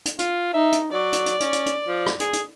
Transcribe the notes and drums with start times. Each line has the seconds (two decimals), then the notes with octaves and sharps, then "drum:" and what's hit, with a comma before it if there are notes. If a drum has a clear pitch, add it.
0.05 drum: hi-hat
0.19 F4, drum: hi-hat
0.53 D#4 E5
0.72 drum: hi-hat
0.92 F#3 D5
1.13 drum: hi-hat
1.26 drum: hi-hat
1.40 C#4, drum: hi-hat
1.53 drum: hi-hat
1.66 drum: hi-hat
1.87 F3
2.06 drum: rim click
2.20 G#4, drum: hi-hat
2.33 drum: hi-hat